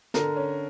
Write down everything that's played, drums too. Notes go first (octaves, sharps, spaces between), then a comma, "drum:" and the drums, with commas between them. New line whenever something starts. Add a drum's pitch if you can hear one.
D3 A#4, drum: snare
C#4